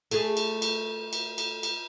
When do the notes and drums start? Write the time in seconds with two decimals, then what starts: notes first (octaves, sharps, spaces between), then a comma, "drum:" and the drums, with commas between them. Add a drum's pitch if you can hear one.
0.11 A3 G#4, drum: cymbal
0.37 drum: cymbal
0.62 drum: cymbal
1.13 drum: cymbal
1.38 drum: cymbal
1.63 drum: cymbal